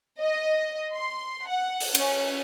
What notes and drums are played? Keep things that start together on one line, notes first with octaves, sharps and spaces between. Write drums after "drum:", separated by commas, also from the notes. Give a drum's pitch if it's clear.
D#5
C6
F#5
drum: open hi-hat
C#4, drum: cymbal